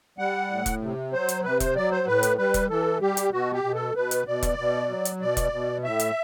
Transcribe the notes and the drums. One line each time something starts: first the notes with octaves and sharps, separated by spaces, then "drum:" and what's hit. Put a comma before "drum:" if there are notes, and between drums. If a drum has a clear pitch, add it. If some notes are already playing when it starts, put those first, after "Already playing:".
G3 F#5
A2
drum: kick E1, hi-hat
C3
F#3 C5
drum: hi-hat
C3 B4
C5, drum: kick E1, hi-hat
F#3 D5
C5
A2 B4
drum: hi-hat
G3 B4
drum: kick E1, hi-hat
E3 A4
G3 G4
drum: hi-hat
B2 F#4
G4
B2
A4
B2 B4
drum: hi-hat
B2 D5
drum: kick E1, hi-hat
B2
F#3
drum: hi-hat
B2 D5
drum: kick E1, hi-hat
B2
A2 E5
drum: hi-hat